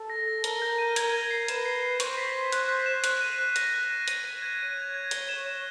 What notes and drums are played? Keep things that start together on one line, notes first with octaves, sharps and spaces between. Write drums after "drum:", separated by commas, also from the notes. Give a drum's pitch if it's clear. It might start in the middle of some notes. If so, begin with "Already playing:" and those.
Already playing: A4
A#6
A#6
A#4 G7, drum: hi-hat
G6
D#7
A#4 G#6, drum: hi-hat
G#6
C7
B4 E7, drum: hi-hat
C7
C7
C5 C#6, drum: hi-hat
B6
B6
F#6, drum: hi-hat
B6
E7
F#6, drum: hi-hat
D#7
F#6
A#6, drum: hi-hat
F#6
D#7
D#7, drum: hi-hat
D#7
G#6
C#5 D#7
G#6
G#6
G7, drum: hi-hat
E7
E7